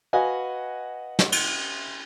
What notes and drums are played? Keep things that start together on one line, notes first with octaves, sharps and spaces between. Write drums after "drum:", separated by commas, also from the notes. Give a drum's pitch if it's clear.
F#4 B4 D#5 F5 F#5 G#5
drum: snare
drum: cymbal